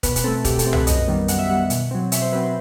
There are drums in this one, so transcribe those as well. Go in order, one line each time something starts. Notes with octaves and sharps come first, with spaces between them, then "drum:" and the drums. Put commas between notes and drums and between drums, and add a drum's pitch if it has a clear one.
B2 B4, drum: kick, hi-hat
B4, drum: hi-hat
A3 C4 A4
B2 G4, drum: kick, hi-hat
A4, drum: hi-hat
A3 C4
B4, drum: tom C2
F#2 D#5, drum: hi-hat
D#3 G3 B3
F#2 F#5, drum: hi-hat
E5
D#3 G3 B3 F#5
B2, drum: hi-hat
F#3 C4
B2 E5, drum: hi-hat
C5
F#3 C4 B4
C5